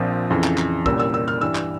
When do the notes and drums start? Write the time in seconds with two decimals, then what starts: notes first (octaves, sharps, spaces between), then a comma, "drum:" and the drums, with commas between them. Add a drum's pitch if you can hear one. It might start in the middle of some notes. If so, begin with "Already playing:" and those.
Already playing: A#1 A#2 F3 C4
0.30 F2 C#3 E3
0.44 drum: clap
0.58 drum: clap
0.86 C2 A#2 G3 A#3 C#4 E6, drum: kick
0.99 E6
1.14 E6
1.28 F6
1.41 G2 E3 G3 E6
1.55 drum: clap